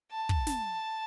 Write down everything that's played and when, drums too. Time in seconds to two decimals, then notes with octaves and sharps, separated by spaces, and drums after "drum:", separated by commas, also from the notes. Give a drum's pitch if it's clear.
0.12 A5
0.29 drum: kick
0.47 drum: snare